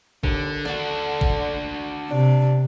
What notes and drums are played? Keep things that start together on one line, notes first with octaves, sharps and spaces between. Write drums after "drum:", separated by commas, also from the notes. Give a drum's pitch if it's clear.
D#2 D3, drum: kick G#1
D3 D4 F#4, drum: snare
drum: kick G#1
C3 D4